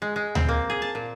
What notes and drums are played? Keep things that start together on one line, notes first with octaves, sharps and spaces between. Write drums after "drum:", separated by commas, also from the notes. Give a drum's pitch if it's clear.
G#3
G#3
C4, drum: tom D2
A#3
G#4
A5
A#2